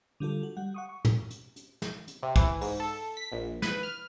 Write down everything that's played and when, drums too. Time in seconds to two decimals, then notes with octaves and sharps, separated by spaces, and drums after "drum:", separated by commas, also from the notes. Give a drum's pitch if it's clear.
0.20 D3 G3 F4 A4
0.43 F#4
0.57 G3 F#5
0.74 F#5 C#6 D#6
0.89 C#6
1.05 drum: tom
1.30 drum: hi-hat
1.56 drum: hi-hat
1.82 drum: snare
2.08 drum: hi-hat
2.23 C3
2.36 E3, drum: kick, hi-hat
2.61 G#2, drum: open hi-hat
2.80 A4
3.17 B6
3.32 A#1
3.62 B4, drum: snare
3.83 F6